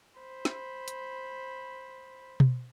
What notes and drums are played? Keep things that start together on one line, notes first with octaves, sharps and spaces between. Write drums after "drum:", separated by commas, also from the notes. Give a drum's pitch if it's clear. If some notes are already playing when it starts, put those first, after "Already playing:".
C5 B5
drum: snare
drum: hi-hat
drum: tom B2